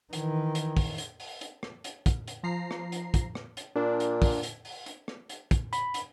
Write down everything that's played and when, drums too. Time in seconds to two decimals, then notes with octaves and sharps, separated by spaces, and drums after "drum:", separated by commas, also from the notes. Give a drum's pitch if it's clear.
0.13 D#3 E3, drum: hi-hat
0.55 drum: hi-hat
0.77 drum: kick, open hi-hat
0.98 drum: hi-hat
1.20 drum: open hi-hat
1.41 drum: hi-hat
1.63 drum: rim click
1.84 drum: hi-hat
2.06 drum: kick, hi-hat
2.28 drum: hi-hat
2.43 F3 A#5 C7
2.71 drum: rim click
2.92 drum: hi-hat
3.14 drum: kick, hi-hat
3.35 drum: rim click
3.57 drum: hi-hat
3.76 A#2 D4
4.00 drum: hi-hat
4.22 drum: kick, open hi-hat
4.43 drum: hi-hat
4.65 drum: open hi-hat
4.86 drum: hi-hat
5.08 drum: rim click
5.30 drum: hi-hat
5.51 drum: kick, hi-hat
5.73 B5, drum: hi-hat
5.94 drum: hi-hat